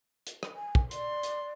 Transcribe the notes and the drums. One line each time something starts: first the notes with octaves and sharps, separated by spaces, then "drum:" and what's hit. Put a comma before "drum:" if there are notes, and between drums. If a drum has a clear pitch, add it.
drum: hi-hat
drum: rim click
G#5
drum: kick
D5 C6, drum: hi-hat
drum: hi-hat